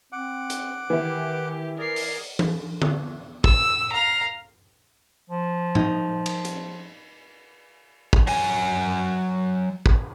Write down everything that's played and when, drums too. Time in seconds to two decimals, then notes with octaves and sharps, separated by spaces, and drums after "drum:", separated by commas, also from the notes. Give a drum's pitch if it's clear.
0.12 C4 F#5 D6
0.50 drum: hi-hat
0.90 D#3 E3 E4 G4
1.78 G#4 A#4 D5 C7
1.96 drum: open hi-hat
2.39 drum: tom E3
2.82 drum: tom D3
3.44 E6, drum: kick
3.92 F5 A#5
5.30 F3
5.75 D#4, drum: tom G#2
6.26 drum: cymbal
6.45 drum: hi-hat
8.13 drum: kick
8.27 F#3 G#5, drum: open hi-hat
9.86 drum: kick